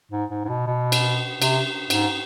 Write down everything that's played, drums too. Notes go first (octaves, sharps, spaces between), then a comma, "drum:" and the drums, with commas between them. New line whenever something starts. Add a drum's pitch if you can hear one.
G#2
G#2
G#2
B2
B2
drum: cymbal
C3, drum: cymbal
G#2, drum: cymbal